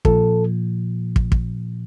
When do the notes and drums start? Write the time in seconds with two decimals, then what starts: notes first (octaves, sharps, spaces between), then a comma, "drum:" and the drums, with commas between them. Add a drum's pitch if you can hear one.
0.05 A#2 F3 A4, drum: kick
1.16 drum: kick
1.32 drum: kick